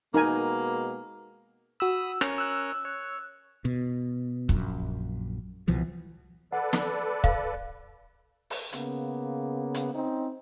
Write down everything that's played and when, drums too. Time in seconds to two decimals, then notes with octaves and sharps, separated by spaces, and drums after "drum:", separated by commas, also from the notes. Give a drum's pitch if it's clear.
0.14 B2 G#3 A#3 D#4 A#4 G#5
1.80 F#4 B5 D#6 E6
2.21 C#4 A#4 C#5, drum: rim click
2.38 E6 F#6
2.84 C#5
3.65 B2
4.49 A#1 F#2, drum: kick C#1
5.68 C2 B2 E3 F3
6.52 A4 B4 D5 F#5
6.73 drum: snare
7.24 F5, drum: kick C#1
8.50 drum: open hi-hat
8.72 C#3 A#3 B3, drum: hi-hat
9.74 drum: hi-hat
9.93 C4 C#4 D#4